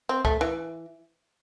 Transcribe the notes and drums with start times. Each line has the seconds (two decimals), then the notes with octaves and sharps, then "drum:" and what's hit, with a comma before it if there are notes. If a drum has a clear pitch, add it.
0.09 C4
0.25 A3, drum: kick
0.41 E3